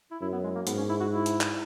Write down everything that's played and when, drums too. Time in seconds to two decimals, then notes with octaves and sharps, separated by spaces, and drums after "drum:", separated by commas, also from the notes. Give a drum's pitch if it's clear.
0.11 E4
0.21 F#2 E4
0.33 B3
0.44 G#3
0.55 A#3
0.67 G#2 B3, drum: hi-hat
0.78 C#4
0.89 E4
1.00 F#4
1.11 E4
1.26 drum: hi-hat
1.41 drum: clap